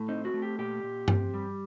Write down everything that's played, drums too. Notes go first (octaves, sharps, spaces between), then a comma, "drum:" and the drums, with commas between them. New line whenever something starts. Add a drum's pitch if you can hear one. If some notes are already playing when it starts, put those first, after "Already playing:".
Already playing: A2
C4 D#4
F#4
A3
G4
A#2 G4
A#2
C4, drum: tom G2
G3